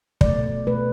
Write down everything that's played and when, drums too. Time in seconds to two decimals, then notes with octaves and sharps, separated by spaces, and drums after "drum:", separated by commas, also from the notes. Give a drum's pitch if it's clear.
0.21 B2 A3 D5, drum: kick
0.67 B2 A3 B4